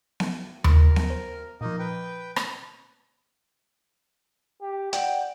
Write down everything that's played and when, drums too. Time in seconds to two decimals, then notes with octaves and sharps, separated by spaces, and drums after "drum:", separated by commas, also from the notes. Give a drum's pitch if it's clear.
0.20 drum: snare B3
0.64 A#4, drum: tom D#2
0.96 drum: snare B3
1.10 C5
1.61 A#2 F3 A#3 D#4 D#5
1.79 B4 G5
2.36 drum: rim click
4.62 G4
4.93 D5 F#5 G5, drum: hi-hat